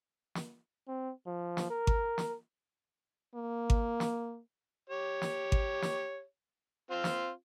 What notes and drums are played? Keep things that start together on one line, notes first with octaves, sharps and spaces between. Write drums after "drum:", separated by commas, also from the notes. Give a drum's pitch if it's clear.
drum: snare
C4
F3
drum: snare
A#4
drum: kick G#1
drum: snare
A#3
drum: kick G#1
drum: snare
G4 C#5
drum: snare
drum: kick G#1
drum: snare
C4 F4
drum: snare